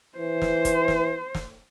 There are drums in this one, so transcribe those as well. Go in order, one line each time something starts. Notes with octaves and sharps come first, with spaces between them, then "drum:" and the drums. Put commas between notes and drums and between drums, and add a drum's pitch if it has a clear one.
E3 C5
drum: snare
drum: kick, hi-hat
drum: snare
drum: snare